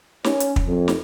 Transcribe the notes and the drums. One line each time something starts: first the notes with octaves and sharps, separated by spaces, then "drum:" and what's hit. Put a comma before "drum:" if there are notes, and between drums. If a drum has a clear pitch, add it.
C#4, drum: snare
drum: hi-hat
drum: kick
F2
drum: snare